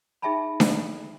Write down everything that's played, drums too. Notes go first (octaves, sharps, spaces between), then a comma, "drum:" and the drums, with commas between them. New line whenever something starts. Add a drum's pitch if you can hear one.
D#4 G#4 E5 G5 A5 B5
drum: snare D4